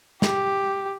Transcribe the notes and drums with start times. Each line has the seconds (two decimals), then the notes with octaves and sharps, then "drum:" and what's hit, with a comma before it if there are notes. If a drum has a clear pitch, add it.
0.22 G4, drum: snare